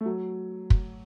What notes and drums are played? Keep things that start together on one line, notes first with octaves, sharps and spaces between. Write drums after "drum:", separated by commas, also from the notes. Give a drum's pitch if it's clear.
A3
F#3
drum: kick